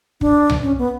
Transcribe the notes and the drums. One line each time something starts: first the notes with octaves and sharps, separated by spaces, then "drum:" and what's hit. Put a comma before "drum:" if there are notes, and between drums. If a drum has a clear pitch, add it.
D4, drum: kick
drum: tom C2
C#4
B3